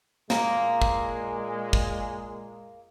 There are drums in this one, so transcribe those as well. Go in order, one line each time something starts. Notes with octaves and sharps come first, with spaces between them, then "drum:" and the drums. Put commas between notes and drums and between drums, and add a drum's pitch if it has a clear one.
A#2 G#3 A#3, drum: snare
drum: kick
drum: kick